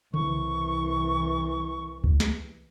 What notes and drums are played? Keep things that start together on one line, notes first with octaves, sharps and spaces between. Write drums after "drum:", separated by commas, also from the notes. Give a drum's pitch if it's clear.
C2 E3 C#6, drum: tom C#3
drum: kick C#2
drum: snare